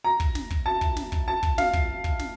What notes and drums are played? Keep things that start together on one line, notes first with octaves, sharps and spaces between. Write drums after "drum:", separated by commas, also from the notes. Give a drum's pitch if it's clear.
A#5
drum: kick
drum: snare
drum: kick
A5
drum: kick
drum: snare
drum: kick
A5
drum: kick
F5, drum: snare
drum: kick
drum: kick
drum: snare